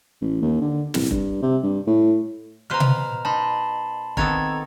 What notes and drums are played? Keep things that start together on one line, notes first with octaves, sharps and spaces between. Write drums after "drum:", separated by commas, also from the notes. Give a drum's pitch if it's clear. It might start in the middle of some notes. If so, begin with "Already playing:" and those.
A1
D#2
D3
C2, drum: snare
G2, drum: kick F1
C3
G2
A2
B2 B4 C5 A#5 F6
drum: tom B2
D#4 A5 B5 C6
D#3 B3 C4 A4 A#5 G#6, drum: kick F1